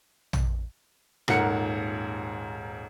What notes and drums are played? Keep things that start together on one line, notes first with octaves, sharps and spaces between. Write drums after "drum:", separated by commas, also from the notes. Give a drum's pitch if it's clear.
drum: tom A#1
D#1 G#2 A#4 F#5 C#7, drum: rim click